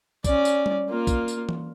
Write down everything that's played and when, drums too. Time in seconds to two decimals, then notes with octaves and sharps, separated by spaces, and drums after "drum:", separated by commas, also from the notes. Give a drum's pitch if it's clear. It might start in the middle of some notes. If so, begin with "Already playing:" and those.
0.24 C#4 D5, drum: kick, tambourine
0.45 drum: tambourine
0.66 drum: tom G3
0.90 A#3 F4
1.07 drum: kick, tambourine
1.28 drum: tambourine
1.49 drum: tom E3